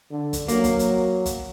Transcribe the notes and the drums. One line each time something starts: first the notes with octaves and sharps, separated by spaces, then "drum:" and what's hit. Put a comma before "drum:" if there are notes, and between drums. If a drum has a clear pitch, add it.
D3
drum: kick, hi-hat
F#3 A#3, drum: hi-hat
drum: kick, hi-hat
drum: hi-hat
drum: kick, hi-hat